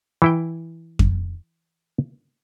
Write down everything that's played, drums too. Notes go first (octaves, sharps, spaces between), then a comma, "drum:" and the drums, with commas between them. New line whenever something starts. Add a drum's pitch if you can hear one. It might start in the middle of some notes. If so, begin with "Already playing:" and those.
E3 E4 G5
drum: kick F2